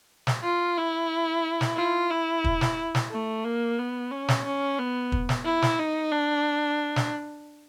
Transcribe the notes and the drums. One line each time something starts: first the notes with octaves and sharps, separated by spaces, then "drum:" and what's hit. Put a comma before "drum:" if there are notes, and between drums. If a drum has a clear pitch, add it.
drum: snare
F4
E4
drum: snare
F4
E4
drum: kick
drum: snare
drum: snare
A3
A#3
B3
C#4
drum: snare
C#4
B3
drum: kick
drum: snare
E4
drum: snare
D#4
D4
drum: snare